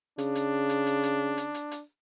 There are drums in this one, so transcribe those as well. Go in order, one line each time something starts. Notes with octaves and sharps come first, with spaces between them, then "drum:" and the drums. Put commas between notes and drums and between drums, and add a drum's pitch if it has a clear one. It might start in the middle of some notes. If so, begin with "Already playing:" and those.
C#3 D4, drum: hi-hat
drum: hi-hat
drum: hi-hat
drum: hi-hat
drum: hi-hat
drum: hi-hat
drum: hi-hat
drum: hi-hat